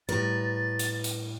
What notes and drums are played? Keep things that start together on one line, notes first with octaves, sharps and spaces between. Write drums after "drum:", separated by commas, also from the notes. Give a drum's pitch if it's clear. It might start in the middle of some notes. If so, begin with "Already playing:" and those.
A2 G3 A#4 B4 A6
drum: hi-hat
drum: hi-hat